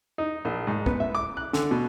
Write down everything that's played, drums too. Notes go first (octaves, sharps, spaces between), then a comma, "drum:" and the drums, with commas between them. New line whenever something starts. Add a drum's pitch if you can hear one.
D#4
A#1
G#2
B3, drum: kick
E5
D6
F#6
D3, drum: snare
B2